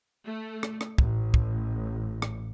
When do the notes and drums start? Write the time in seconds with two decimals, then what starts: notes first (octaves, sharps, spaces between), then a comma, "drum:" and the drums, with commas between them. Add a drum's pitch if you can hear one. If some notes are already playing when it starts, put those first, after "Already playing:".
0.24 A3
0.63 drum: rim click
0.81 drum: rim click
0.98 A1, drum: kick
1.34 drum: kick
2.22 drum: rim click